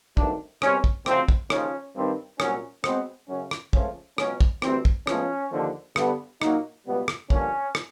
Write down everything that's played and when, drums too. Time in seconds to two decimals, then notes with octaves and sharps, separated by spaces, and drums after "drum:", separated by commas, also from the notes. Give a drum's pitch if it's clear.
0.17 G2 D#3 F#3 A3 C4 D4, drum: kick
0.62 C2 B2 G3 C4 C#4, drum: rim click
0.84 drum: kick
1.06 D2 C#3 F3 C4, drum: rim click
1.28 drum: kick
1.50 D#2 C#3 F3 C#4, drum: rim click
1.95 G2 D#3 G3 C4
2.40 C2 A#2 F#3 C#4, drum: rim click
2.84 B2 G#3 B3 C4, drum: rim click
3.29 F#2 C#3 F#3 C#4
3.51 drum: rim click
3.73 C#2 C#3 F3 A3 C4 C#4, drum: kick
4.18 C#2 B2 F#3 C#4, drum: rim click
4.41 drum: kick
4.62 D2 C3 E3 G3 C4, drum: rim click
4.85 drum: kick
5.07 A2 F3 G#3 B3 C#4, drum: rim click
5.52 D#2 D3 F3
5.96 G2 D3 G3 B3, drum: rim click
6.42 A#2 F#3 A#3 D#4, drum: rim click
6.86 C#2 B2 G3 B3
7.08 drum: rim click
7.30 G2 D3 F3 A#3 C#4, drum: kick
7.75 drum: rim click